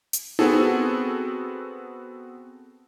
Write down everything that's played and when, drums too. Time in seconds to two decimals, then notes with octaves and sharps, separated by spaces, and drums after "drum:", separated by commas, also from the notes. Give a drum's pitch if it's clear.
0.13 drum: hi-hat
0.39 B3 C4 F#4 G#4 A4, drum: tom D#4